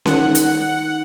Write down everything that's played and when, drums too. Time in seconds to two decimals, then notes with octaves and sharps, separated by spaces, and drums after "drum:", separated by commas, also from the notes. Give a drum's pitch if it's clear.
0.06 D#3 F#5, drum: snare C#4
0.35 drum: hi-hat